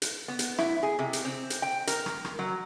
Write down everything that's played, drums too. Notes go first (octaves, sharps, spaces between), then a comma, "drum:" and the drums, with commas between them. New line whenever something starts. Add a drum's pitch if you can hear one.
drum: hi-hat
B3
drum: hi-hat
E4, drum: rim click
G#4
C3
drum: hi-hat
C4
drum: hi-hat
G5
A#4, drum: hi-hat
drum: rim click
drum: rim click
F#3